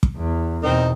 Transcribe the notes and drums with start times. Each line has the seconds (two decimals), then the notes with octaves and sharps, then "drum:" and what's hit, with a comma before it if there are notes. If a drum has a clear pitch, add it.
0.03 drum: kick
0.17 E2
0.63 E2 B2 C4 D#4 A#4